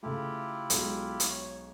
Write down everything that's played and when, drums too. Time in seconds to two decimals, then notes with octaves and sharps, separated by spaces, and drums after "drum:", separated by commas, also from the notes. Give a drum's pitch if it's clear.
0.03 C#3 A3 E4 F4 G4
0.70 B1 G#3, drum: hi-hat
1.20 drum: hi-hat
1.30 C#5 C#6